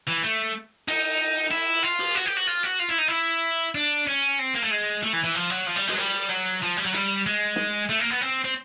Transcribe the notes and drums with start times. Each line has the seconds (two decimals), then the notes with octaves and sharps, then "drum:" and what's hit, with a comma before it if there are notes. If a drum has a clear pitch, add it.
0.08 E3
0.24 A3
0.88 D#4, drum: cymbal
1.51 E4
1.83 F4
1.99 drum: open hi-hat
2.15 F#4
2.26 G4
2.36 F#4
2.47 F4
2.63 F#4
2.79 F4
2.89 E4
2.98 D#4
3.08 E4
3.75 D4
4.07 C#4
4.39 C4
4.55 A#3
4.63 A3
4.71 G#3
5.03 A3
5.13 E3
5.24 E3
5.35 F3
5.50 F#3
5.67 F3
5.77 G3
5.88 G#3, drum: open hi-hat
5.94 F#3
5.98 G3
6.30 F#3
6.63 F3
6.78 G3
6.86 F#3
6.94 G3, drum: hi-hat
7.26 G#3
7.56 drum: snare
7.90 A3
8.00 A#3
8.11 B3
8.21 C4
8.44 C4